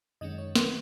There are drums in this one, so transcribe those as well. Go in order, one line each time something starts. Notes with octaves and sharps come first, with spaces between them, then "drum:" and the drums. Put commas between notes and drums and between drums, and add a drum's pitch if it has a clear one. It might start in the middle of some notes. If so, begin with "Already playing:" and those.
F#2 D#3 G#3 C#4 D#5
C#5
D#3 F#3 B4, drum: snare